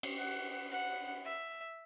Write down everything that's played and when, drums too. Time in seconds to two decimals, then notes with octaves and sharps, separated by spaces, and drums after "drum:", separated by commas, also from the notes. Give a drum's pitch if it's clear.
0.03 drum: cymbal
0.18 F#5
0.71 F#5
1.25 E5